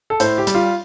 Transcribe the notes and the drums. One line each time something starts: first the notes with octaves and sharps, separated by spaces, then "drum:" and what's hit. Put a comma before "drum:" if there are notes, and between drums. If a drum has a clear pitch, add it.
A4
A2 C5, drum: hi-hat
G4
G3, drum: hi-hat
F4